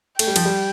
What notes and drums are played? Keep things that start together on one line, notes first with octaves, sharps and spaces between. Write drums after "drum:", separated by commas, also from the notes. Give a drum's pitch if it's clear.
A3 G5, drum: cymbal
G3
F3, drum: cymbal
G3